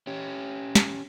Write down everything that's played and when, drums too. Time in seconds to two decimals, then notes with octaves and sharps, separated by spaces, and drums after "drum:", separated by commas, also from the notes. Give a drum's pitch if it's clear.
0.07 C#4 G4
0.75 drum: snare